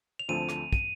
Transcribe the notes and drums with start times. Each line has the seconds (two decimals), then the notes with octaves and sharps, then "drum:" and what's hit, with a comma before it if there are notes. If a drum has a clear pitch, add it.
0.19 F7
0.29 D2 D3 F3 A3 C4 D#7
0.49 drum: rim click
0.73 D#7, drum: kick